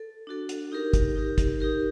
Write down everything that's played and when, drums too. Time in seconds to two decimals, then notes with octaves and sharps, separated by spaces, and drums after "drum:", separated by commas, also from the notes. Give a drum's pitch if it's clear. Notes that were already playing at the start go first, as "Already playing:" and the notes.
Already playing: A4
0.27 D4 F#4 A4
0.49 drum: hi-hat
0.72 D#4 G4 A#4
0.93 drum: kick, hi-hat
1.16 D#4 G4 A#4
1.38 drum: kick, hi-hat
1.60 D#4 G4 A#4